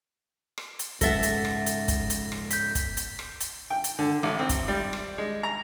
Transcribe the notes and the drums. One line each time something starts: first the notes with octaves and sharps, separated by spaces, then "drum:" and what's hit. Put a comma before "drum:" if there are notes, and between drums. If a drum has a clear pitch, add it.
drum: rim click
drum: hi-hat
G#2 C#3 A4 E5 F#5 A6 A#6, drum: kick, hi-hat
drum: hi-hat
drum: rim click
drum: hi-hat
drum: kick, hi-hat
drum: hi-hat
drum: rim click
G6 B6, drum: hi-hat
drum: kick, hi-hat
drum: hi-hat
drum: rim click
drum: hi-hat
G5
drum: hi-hat
D3
A1
C4
drum: kick, hi-hat
G3
drum: rim click
G#3
A#5